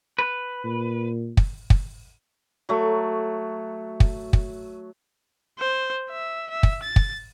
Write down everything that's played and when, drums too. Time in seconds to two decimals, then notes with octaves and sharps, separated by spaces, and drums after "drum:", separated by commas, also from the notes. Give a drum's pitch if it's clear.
0.19 B4
0.64 A#2
1.37 drum: kick
1.70 drum: kick
2.69 F#3 A3
4.00 drum: kick
4.33 drum: kick
5.59 C5
6.10 E5
6.50 E5
6.63 drum: kick
6.83 A6
6.96 drum: kick